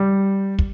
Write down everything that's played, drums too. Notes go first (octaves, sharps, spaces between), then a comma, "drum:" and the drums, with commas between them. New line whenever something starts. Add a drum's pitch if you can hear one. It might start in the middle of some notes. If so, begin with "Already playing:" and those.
Already playing: G3
drum: kick